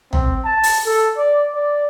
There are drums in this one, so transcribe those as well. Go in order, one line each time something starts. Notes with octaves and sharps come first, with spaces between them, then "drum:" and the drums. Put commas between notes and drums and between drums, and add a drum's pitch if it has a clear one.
C4, drum: tom
A5
drum: open hi-hat
A4
D5
D5